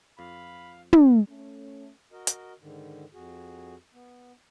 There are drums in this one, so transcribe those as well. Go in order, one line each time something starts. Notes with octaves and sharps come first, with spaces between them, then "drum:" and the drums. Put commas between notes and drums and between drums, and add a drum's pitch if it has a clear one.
F2 F5 B5
drum: tom
A3 C#4
F#4 A#4 D#5
drum: hi-hat
G#2 D3 D#3
F2 F#4 G#4
B3